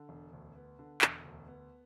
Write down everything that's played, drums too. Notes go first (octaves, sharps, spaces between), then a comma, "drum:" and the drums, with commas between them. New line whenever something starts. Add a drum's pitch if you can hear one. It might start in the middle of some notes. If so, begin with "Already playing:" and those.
Already playing: D3
E1
D2
B3
D3
E1, drum: clap
D2
B3